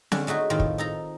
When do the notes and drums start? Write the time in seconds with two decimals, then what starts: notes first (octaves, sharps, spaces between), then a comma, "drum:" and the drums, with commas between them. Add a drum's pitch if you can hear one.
0.12 D3 C#4 D4, drum: snare C4
0.27 G#3 A3 D#4 F#4 G#4
0.50 A2 D#3 C4 F4
0.60 drum: kick
0.78 D#4 A4 A#5